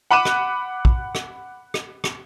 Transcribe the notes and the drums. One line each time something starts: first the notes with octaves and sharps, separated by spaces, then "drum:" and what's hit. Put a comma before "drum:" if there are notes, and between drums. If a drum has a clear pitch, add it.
F#5 B5 D6 F#6 D#7 E7
drum: rim click
drum: kick
drum: rim click
drum: rim click
drum: rim click